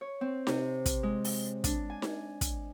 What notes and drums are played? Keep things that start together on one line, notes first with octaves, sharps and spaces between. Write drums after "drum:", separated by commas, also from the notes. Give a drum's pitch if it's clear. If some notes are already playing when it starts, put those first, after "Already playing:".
C#5
C4
C3, drum: snare D#4
drum: kick, hi-hat
G#3
drum: open hi-hat
D4, drum: kick, hi-hat
G#5
drum: snare D#4
drum: kick, hi-hat